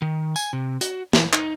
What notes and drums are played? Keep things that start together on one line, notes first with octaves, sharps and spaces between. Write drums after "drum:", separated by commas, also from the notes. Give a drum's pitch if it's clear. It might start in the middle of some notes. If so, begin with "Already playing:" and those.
D#3
G#5, drum: tambourine
C3
F#4, drum: hi-hat
E3, drum: snare
D#4, drum: clap